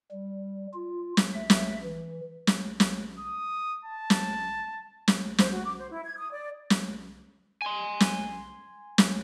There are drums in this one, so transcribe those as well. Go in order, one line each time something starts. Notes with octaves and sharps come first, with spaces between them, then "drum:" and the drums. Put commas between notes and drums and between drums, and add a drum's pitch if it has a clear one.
G3
F4
drum: snare
E5
drum: snare
E3
drum: snare
drum: snare
D#6
A5
drum: snare
drum: snare
C5, drum: snare
F#4
D6
C5
E4
G#6
D#6
D5
drum: snare
G#5 C6
drum: snare
drum: snare